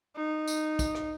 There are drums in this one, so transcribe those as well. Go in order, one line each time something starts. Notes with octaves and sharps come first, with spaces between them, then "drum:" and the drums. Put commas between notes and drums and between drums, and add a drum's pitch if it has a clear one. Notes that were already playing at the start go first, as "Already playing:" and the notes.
D#4
drum: tambourine
drum: kick, tambourine
drum: rim click